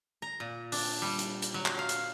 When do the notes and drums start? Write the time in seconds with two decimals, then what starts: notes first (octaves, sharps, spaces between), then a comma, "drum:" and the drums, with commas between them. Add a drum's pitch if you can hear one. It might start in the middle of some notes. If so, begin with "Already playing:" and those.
0.22 A#5
0.40 A#2
0.72 D4, drum: open hi-hat
1.02 G3
1.19 drum: hi-hat
1.42 drum: hi-hat
1.54 F#3
1.66 drum: clap
1.79 F5
1.89 drum: hi-hat